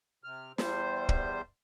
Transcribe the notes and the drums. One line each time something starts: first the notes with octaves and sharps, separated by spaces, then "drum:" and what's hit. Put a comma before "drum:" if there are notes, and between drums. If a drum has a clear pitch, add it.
C3 F6
E2 G3 C5, drum: snare
drum: kick